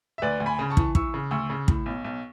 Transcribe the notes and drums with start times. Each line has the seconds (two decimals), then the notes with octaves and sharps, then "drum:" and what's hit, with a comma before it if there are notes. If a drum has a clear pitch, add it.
0.18 E5
0.22 D2 B4 D5
0.40 D2
0.46 G#5 B5
0.59 C#3
0.70 A5 C#6
0.77 E3, drum: kick
0.95 E3 C#6 E6, drum: kick
1.14 C#3
1.31 D2 C#6 E6
1.50 C#3
1.68 A2, drum: kick
1.86 B1
2.04 B1